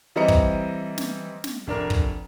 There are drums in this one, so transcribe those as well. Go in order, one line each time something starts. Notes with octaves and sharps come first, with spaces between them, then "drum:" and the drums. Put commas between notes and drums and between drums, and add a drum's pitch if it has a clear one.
E3 G3 C4 D#5 A#5 C#7
drum: kick
drum: snare
drum: snare
F1 D4 A#4
drum: kick